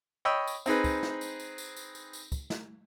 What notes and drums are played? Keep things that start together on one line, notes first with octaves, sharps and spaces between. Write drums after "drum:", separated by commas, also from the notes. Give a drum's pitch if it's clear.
C#5 D#5 G5 B5 E6
drum: tambourine
C4 D#4 G#4 B4, drum: tambourine
drum: kick, tambourine
drum: snare
drum: tambourine
drum: tambourine
drum: tambourine
drum: tambourine
drum: tambourine
drum: tambourine
drum: kick, tambourine
drum: snare